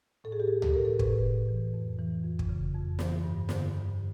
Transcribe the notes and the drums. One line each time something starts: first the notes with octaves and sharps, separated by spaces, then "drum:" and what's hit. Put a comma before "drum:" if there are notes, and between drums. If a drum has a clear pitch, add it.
A2 A4
G#4
G4
A2 G#4
A4, drum: tom C#2
A2 A#4
A4
A2 B4, drum: kick
A2
E3
F2
E3
F2
drum: kick
C#3
F2
E3, drum: snare
G2
D3, drum: snare
G2